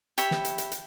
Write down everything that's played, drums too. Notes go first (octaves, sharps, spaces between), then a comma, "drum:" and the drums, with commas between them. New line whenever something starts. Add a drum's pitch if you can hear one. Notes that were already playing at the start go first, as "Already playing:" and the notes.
G4 C#5 E5 B5, drum: hi-hat
drum: snare
drum: hi-hat
drum: hi-hat
drum: hi-hat